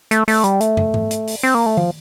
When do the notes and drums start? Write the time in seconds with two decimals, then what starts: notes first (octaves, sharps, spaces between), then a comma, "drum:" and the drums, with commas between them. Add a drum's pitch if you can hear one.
0.11 A3, drum: hi-hat
0.28 A3, drum: open hi-hat
0.44 G3, drum: hi-hat
0.60 A3, drum: hi-hat
0.77 drum: tom
0.94 drum: tom G#2
1.11 drum: hi-hat
1.27 drum: open hi-hat
1.43 C4
1.55 A#3
1.66 A3
1.77 F3, drum: tom